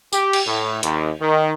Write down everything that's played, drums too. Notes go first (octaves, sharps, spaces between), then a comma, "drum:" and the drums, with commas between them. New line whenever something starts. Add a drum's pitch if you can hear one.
G4, drum: tambourine
drum: cymbal
A2
D#2, drum: hi-hat
D#3